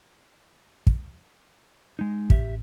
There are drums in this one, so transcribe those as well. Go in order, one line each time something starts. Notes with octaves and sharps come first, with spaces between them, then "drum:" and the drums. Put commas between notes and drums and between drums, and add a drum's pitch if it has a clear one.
drum: kick
G#3 D#4
A1 G4 E5, drum: kick